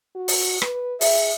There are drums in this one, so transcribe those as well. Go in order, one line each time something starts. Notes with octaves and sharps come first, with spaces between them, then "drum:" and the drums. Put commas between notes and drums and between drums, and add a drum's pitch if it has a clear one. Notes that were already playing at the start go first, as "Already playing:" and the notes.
F#4
drum: open hi-hat
B4, drum: rim click
G#4 E5, drum: open hi-hat